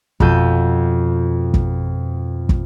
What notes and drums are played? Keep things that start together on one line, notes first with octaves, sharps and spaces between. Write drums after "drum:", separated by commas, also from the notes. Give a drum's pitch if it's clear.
F2 B2 A4 G6 D#7, drum: kick
drum: kick
drum: kick